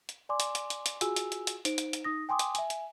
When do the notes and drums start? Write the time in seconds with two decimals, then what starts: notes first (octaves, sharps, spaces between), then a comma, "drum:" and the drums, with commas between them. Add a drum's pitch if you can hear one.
0.09 drum: hi-hat
0.29 D5 G#5 C6 D6
0.40 drum: hi-hat
0.55 drum: hi-hat
0.70 drum: hi-hat
0.86 drum: hi-hat
1.01 F4 F#4 G#4 G#5 E6, drum: hi-hat
1.16 drum: hi-hat
1.32 drum: hi-hat
1.47 drum: hi-hat
1.65 D#4 C5 D7, drum: hi-hat
1.78 drum: hi-hat
1.93 drum: hi-hat
2.04 D#4 D#6 A#6
2.29 G5 G#5 C6 D6 D#6
2.39 drum: hi-hat
2.55 E5 G#5, drum: hi-hat
2.70 drum: hi-hat